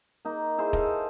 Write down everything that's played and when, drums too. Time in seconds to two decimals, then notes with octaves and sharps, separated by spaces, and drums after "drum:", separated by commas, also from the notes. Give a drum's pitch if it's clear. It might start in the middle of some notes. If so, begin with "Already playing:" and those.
0.25 A#3 D#4
0.58 E4 G#4 C5
0.73 A4 D#5 F5, drum: kick